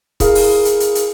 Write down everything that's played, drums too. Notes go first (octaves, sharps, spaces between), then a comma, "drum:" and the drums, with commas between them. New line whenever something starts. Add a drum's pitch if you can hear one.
E4 G#4 A#4 F5 B5, drum: kick C#1, hi-hat
drum: open hi-hat
drum: hi-hat
drum: hi-hat
drum: hi-hat